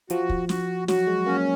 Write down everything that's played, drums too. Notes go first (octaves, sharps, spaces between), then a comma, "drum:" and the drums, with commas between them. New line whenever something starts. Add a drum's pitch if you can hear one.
F3 F#4, drum: hi-hat
drum: kick
F#4, drum: snare
F#3 F#4, drum: snare
G#3
A#3 C#4